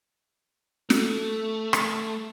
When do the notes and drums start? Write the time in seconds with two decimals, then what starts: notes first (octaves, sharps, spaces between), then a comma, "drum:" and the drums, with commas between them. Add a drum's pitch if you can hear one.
0.90 A3, drum: snare
1.73 drum: rim click